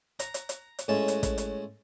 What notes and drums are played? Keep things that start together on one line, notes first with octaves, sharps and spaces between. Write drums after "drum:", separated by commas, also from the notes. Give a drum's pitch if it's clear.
A#5, drum: hi-hat
drum: hi-hat
drum: hi-hat
drum: hi-hat
A2 G#3 C#4 A5
drum: hi-hat
drum: kick, hi-hat
drum: hi-hat